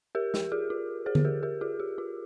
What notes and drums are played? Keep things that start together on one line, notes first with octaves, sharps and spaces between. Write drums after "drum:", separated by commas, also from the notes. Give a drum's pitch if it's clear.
G4 A#4
G4, drum: snare
F4 G#4
F4
G#4 C5
drum: tom D3
G4 A#4
G4 A#4
F4 G#4
G4
F4